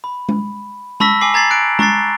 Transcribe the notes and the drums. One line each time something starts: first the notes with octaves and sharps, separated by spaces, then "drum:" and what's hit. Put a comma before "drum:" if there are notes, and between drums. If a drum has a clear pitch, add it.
B5
drum: tom G#3
A5 B5 C#6 E6 A#6 B6, drum: tom G#3
G#5 D6 C7 F#7
A#5 G#6 A6 C7 F#7
F#6 D7
A#5 C#6 F#6 A6 C7, drum: tom G#3